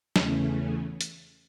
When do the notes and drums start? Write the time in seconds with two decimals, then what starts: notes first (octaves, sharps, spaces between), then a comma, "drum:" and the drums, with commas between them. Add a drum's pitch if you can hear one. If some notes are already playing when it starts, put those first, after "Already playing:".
0.16 E2 C#3 E3 A3 C#4, drum: snare
1.01 drum: hi-hat